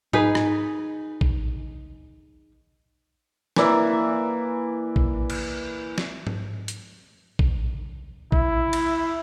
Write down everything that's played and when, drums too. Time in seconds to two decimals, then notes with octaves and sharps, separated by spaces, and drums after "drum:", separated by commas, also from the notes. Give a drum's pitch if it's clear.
0.13 D#4 G#4 B4, drum: tom G#2
0.35 drum: rim click
1.21 drum: kick A#1
3.56 E3 A#3 D5 E5, drum: snare
4.96 drum: kick A#1
5.30 drum: cymbal
5.98 drum: snare
6.27 drum: tom G#2
6.68 drum: hi-hat
7.39 drum: kick A#1
8.32 E4, drum: kick A#1
8.73 drum: cymbal